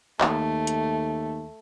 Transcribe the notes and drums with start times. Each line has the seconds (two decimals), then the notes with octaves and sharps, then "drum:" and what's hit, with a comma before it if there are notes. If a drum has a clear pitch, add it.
0.21 D#2 A3, drum: clap
0.67 drum: hi-hat